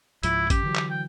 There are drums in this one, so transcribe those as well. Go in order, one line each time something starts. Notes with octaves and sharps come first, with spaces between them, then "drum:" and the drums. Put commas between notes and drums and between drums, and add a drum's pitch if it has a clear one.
C#2 G#2 F3 E4, drum: hi-hat
F#2 C#4 G4, drum: kick G#1, hi-hat
D3 E3 F#3
drum: clap
G5